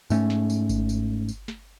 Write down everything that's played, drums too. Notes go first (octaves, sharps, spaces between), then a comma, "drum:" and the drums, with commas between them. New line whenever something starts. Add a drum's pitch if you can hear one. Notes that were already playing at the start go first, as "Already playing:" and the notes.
G#2 A3 C#4, drum: tambourine
drum: snare
drum: tambourine
drum: kick G#1, tambourine
drum: tambourine
drum: tambourine
drum: snare